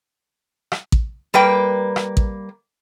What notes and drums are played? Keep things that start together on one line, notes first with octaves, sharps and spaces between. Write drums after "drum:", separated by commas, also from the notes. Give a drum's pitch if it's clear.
drum: rim click
drum: kick A1
G3 A#3 B4 G5
drum: rim click
drum: kick A1